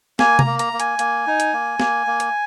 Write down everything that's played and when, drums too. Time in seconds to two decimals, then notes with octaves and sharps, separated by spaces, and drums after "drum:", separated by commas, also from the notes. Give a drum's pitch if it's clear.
0.19 A#3 G#5, drum: snare
0.39 A#5, drum: tom C3
0.46 A#3
0.59 A#5, drum: hi-hat
0.73 A#3
0.80 G#5, drum: hi-hat
0.99 A#3, drum: hi-hat
1.27 D#4
1.40 drum: hi-hat
1.53 A#3
1.80 A#3, drum: snare
2.07 A#3
2.20 drum: hi-hat